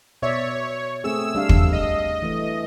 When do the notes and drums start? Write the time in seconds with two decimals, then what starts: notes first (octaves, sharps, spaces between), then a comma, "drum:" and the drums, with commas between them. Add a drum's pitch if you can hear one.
0.22 B2 C#5 D5 E5
1.04 A3 C4 G#4 E6
1.35 G3 D4 F5
1.49 drum: kick
1.72 D#5
2.22 E3 A3